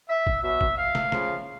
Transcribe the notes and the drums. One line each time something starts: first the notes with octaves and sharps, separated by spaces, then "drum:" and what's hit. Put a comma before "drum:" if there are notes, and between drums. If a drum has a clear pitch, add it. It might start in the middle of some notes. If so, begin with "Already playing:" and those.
E5
drum: kick
B2 F#3 E5
drum: kick
F5
drum: snare
C#3 F3, drum: snare